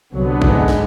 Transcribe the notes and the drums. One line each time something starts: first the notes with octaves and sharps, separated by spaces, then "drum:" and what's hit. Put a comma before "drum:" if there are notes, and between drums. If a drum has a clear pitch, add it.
C2 D3 F#3 B3
G#2 G#3, drum: kick A1
drum: snare